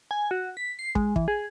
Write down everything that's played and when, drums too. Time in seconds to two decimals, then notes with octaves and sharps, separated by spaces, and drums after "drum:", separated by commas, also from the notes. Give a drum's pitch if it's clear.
0.11 G#5
0.31 F#4
0.57 B6
0.79 C7
0.95 G#3, drum: kick
1.16 E3, drum: kick
1.28 G#4